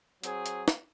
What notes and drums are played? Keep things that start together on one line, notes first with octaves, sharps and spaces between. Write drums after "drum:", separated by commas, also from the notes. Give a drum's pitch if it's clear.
F#3 C4 G#4, drum: hi-hat
drum: hi-hat
drum: snare